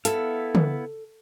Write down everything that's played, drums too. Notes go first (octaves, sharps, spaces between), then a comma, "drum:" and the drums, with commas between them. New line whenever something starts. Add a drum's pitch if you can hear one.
B3 E4 A4 F5, drum: hi-hat
drum: tom